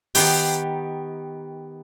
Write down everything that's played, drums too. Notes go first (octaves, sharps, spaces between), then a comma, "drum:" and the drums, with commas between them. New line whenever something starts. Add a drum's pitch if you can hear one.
D#3 B3 G4, drum: open hi-hat